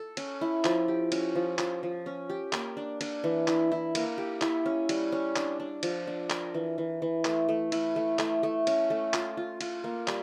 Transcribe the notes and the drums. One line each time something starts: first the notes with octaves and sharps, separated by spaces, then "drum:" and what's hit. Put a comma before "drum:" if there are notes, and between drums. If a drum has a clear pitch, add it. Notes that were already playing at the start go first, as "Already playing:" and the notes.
Already playing: A4
C#4, drum: cymbal
E4
F3, drum: clap
G4
C#4, drum: cymbal
F3
F3, drum: clap
F3
C#4
G4
A#3, drum: clap
D4
D4, drum: cymbal
E3
E4, drum: clap
E4
A#3, drum: cymbal
G4
E4, drum: clap
C#4
G3, drum: cymbal
C#4
D4, drum: clap
D4
F3, drum: cymbal
D4
A#4, drum: clap
E3
E3
E3
A3, drum: clap
A3
E4, drum: cymbal
A3
A3, drum: clap
A3
C#4, drum: cymbal
A3
F4, drum: clap
F4
F4, drum: cymbal
A#3
G3, drum: clap